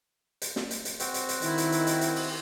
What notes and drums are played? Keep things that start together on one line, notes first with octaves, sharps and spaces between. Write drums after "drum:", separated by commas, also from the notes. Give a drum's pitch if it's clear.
drum: hi-hat
drum: snare
drum: hi-hat
drum: hi-hat
C4 F#4, drum: hi-hat
drum: hi-hat
drum: hi-hat
D#3 E4, drum: hi-hat
drum: hi-hat
drum: hi-hat
drum: hi-hat
drum: hi-hat
drum: open hi-hat